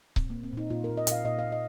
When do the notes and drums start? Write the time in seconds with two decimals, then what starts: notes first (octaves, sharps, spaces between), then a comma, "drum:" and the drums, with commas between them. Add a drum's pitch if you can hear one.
0.16 A#2 C4, drum: kick C#1
0.30 A#2 A#3
0.44 C4
0.53 A#2 D#4
0.70 A#2 F4
0.84 A#2 A#4
0.97 D#5
1.07 A#2 F5, drum: hi-hat
1.25 A#2 D#5
1.39 A#2 F5
1.52 D#5